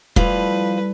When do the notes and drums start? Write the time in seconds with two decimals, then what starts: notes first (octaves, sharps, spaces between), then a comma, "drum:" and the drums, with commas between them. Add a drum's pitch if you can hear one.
0.16 F3 G3 A3 E4 B4, drum: kick